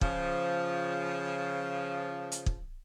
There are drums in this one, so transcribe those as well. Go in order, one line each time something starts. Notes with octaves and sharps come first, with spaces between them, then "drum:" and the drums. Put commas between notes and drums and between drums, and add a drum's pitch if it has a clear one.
C#3 F3, drum: kick
drum: hi-hat
drum: kick